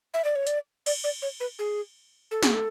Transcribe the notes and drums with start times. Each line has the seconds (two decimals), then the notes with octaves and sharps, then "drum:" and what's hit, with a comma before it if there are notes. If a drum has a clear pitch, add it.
0.14 E5
0.24 D5
0.36 C#5
0.47 D5, drum: hi-hat
0.86 D5, drum: cymbal
1.04 D5
1.22 C#5
1.40 B4
1.59 G#4
2.31 A4
2.43 G#4, drum: snare
2.54 A4